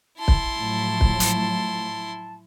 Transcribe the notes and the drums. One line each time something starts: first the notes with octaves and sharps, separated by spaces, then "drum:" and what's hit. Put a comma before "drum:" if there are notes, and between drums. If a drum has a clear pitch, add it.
E4 A5 C6
drum: kick
A2 F3 F#3
drum: kick
drum: hi-hat